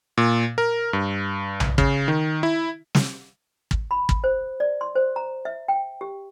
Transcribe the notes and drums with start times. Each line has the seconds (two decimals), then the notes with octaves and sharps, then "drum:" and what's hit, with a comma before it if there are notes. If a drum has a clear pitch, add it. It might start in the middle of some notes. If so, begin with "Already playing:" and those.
0.17 A#2
0.58 A#4
0.93 G2
1.60 drum: tom B1
1.78 C#3, drum: kick
2.08 D#3
2.43 E4
2.95 drum: snare
3.71 drum: kick
3.91 B5
4.09 drum: kick
4.24 C5
4.60 D5
4.81 C6
4.95 C5
5.16 A#5
5.45 E5
5.68 G5
6.01 G4